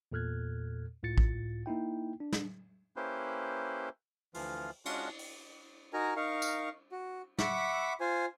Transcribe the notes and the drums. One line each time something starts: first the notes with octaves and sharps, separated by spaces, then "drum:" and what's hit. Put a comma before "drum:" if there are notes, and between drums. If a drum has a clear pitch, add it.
E2 A#2 A4 F6 F#6 G#6
C#2 A2 F4 A6 C#7
drum: kick
A#3 D#4 E4 G5
D4
drum: snare
A#3 C#4 E4 G4 B4 C5
D2 E3 F3 F4 F5, drum: open hi-hat
G#3 C#4 D4 F4 F#4, drum: cymbal
drum: open hi-hat
D#4 F#4 A#4 G#5 A#5
D#4 A#4 F5 C#6
drum: tambourine
F#4
E5 F#5 B5 C#6 D6 E6, drum: snare
F4 C5 G#5